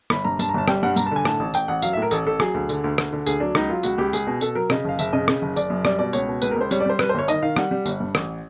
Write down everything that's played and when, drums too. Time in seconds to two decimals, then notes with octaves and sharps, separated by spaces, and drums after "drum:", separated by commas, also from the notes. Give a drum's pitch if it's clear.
0.10 G1 B5, drum: rim click
0.25 G2 A#5
0.39 G2 A5, drum: tambourine
0.49 A#5
0.54 G1 A5
0.68 G3 G5, drum: rim click
0.83 G2 F#5
0.96 G2 A#5, drum: tambourine
1.06 A5
1.11 D3 G#5
1.25 A2 A5, drum: rim click
1.40 A1
1.54 A1 G5, drum: tambourine
1.68 A1 F#5
1.82 F#3 F5, drum: tambourine
1.93 E5
1.97 A2 A#4
2.11 A1 A4, drum: tambourine
2.26 A1 A4
2.40 F#3 G#4, drum: rim click
2.54 D2
2.69 D3, drum: tambourine
2.84 D2
2.98 D2, drum: rim click
3.13 D3
3.26 D2 G#4, drum: tambourine
3.40 F#3 D4
3.55 C#2 D#4, drum: rim click
3.69 F#3 F4
3.83 C#2 F#4, drum: tambourine
3.98 C#2 G4
4.13 C#2 G#4, drum: tambourine
4.27 B2
4.41 B2 A4, drum: tambourine
4.55 F#3 A#4
4.70 C#3 D#5, drum: rim click
4.85 F#1 F5
4.99 F#1 E5, drum: tambourine
5.13 C#3 D#5
5.28 C#3, drum: rim click
5.42 F#1
5.56 F#1 D5, drum: tambourine
5.70 F#2
5.85 G3 D5, drum: rim click
5.99 B2 D5
6.13 C#2 C#5, drum: tambourine
6.28 B2
6.42 C#2 B4, drum: tambourine
6.51 A#4
6.56 C#2 C5
6.71 G3 C#5, drum: tambourine
6.80 D5
6.86 G3 C5
6.99 G3 B4, drum: rim click
7.09 C5
7.15 G1 C#5
7.28 D#3 D#5, drum: tambourine
7.43 D#3 F5
7.56 G3 F#5, drum: rim click
7.71 G3
7.86 G1, drum: tambourine
8.00 G2
8.15 A1, drum: rim click